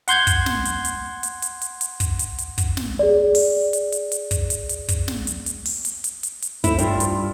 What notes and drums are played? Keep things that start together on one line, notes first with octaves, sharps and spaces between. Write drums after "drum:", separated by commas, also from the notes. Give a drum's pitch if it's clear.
F#5 C6 G6 G#6, drum: hi-hat
drum: kick, hi-hat
drum: snare
drum: hi-hat
drum: hi-hat
drum: hi-hat
drum: hi-hat
drum: hi-hat
drum: hi-hat
drum: kick, hi-hat
drum: hi-hat
drum: hi-hat
drum: kick, hi-hat
drum: snare
G#4 D5
drum: open hi-hat
drum: hi-hat
drum: hi-hat
drum: hi-hat
drum: kick, hi-hat
drum: hi-hat
drum: hi-hat
drum: kick, hi-hat
drum: snare
drum: hi-hat
drum: hi-hat
drum: open hi-hat
drum: hi-hat
drum: hi-hat
drum: hi-hat
drum: hi-hat
E4 A4 C5 B5, drum: kick, hi-hat
G2 F4, drum: hi-hat
drum: hi-hat